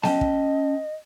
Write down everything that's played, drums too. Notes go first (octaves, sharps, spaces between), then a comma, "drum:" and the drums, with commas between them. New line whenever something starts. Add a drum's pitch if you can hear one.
C#4 D#5 G5 A5, drum: snare B3
drum: kick